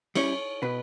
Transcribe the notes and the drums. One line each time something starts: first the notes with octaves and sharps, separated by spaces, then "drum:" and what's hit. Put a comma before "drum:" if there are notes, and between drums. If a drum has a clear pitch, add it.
G3 C#4 E4 C#5, drum: cymbal
B2 B4